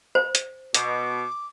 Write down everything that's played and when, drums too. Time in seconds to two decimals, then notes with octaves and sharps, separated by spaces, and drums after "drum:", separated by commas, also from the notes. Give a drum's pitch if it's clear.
0.15 C5
0.35 drum: hi-hat
0.74 B2 D6, drum: hi-hat